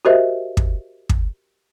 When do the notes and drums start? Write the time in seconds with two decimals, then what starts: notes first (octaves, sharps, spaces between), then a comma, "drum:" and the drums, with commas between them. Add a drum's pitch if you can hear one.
0.05 F#4 G4 A#4 C5 D#5 E5
0.57 drum: kick
1.09 drum: kick